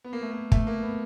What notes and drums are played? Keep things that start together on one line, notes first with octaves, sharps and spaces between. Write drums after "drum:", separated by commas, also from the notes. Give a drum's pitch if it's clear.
B3
A#3
A3
A#3
A3, drum: kick
A#3
B3